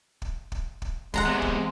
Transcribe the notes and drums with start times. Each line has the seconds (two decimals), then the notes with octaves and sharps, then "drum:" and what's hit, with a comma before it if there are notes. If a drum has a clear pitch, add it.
0.22 drum: kick
0.52 drum: kick
0.82 drum: kick
1.14 G#3 F#5 A#5 C6, drum: kick
1.27 E2 C3
1.42 drum: kick